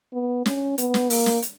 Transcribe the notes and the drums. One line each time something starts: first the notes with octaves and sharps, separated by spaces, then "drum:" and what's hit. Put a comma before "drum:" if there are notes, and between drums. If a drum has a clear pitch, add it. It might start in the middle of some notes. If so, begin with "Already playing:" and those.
B3
C#4, drum: snare
B3, drum: hi-hat
drum: snare
A#3, drum: open hi-hat
drum: snare
drum: hi-hat